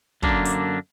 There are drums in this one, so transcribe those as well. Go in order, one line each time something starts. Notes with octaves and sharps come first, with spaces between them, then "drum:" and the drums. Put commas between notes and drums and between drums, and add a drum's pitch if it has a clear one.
F#2 D3 A#3 D4, drum: kick
drum: hi-hat